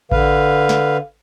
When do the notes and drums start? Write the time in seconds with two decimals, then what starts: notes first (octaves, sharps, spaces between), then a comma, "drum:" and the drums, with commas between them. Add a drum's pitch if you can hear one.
0.12 D3 B4 F5, drum: kick A1
0.69 drum: snare